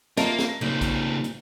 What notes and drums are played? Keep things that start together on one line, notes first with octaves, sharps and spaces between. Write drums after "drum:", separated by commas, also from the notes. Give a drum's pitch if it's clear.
A#3 F4 A#4 D#5 E5 A5, drum: snare
drum: snare
F2 A#2 C#3 G3 D#4
drum: kick, hi-hat
drum: hi-hat